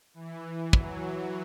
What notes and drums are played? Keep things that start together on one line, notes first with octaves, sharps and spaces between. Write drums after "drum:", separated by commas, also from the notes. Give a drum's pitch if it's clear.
E3
F#3, drum: kick